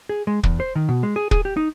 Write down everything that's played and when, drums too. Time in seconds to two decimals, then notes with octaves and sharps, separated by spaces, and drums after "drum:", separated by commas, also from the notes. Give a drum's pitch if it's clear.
0.09 G#4
0.27 G#3
0.43 E2, drum: kick
0.60 C5
0.76 D#3
0.89 B2
1.03 G#3
1.16 G#4
1.31 G#4, drum: kick
1.45 G4
1.57 D#4